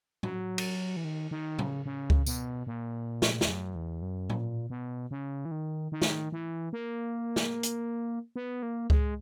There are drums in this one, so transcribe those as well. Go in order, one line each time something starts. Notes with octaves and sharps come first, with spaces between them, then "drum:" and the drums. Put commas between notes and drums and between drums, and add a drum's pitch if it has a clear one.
F#3, drum: tom A2
drum: cymbal
E3
D#3
D#3
C#3, drum: tom A2
C#3
drum: kick C#2
B2, drum: tambourine
A#2
drum: snare
E2, drum: snare
F#2
E2
F#2
A#2, drum: tom A2
B2
C#3
E3
D#3
D#3
drum: snare
E3
A#3
drum: snare
drum: hi-hat
B3
A#3
G#3, drum: kick C#2